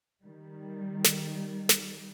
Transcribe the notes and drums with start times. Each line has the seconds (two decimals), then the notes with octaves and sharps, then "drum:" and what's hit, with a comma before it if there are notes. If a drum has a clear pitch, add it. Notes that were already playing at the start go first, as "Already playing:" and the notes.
0.24 D#3 G3
1.04 drum: snare
1.69 drum: snare